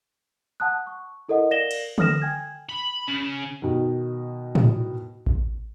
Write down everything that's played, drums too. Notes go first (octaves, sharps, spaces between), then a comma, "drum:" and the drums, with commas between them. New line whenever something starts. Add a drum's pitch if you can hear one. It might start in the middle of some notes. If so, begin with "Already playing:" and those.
F#5 A5 D#6 F#6
C#6
E4 A4 A#4 D#5 F#5
A#4 D5 F5 A#6 E7 G7
drum: cymbal
A4 D#6 F6 A#6 E7, drum: tom D3
G5 G#5 G#6
B5
C#3
B2 D#3
drum: tom A2
drum: kick A1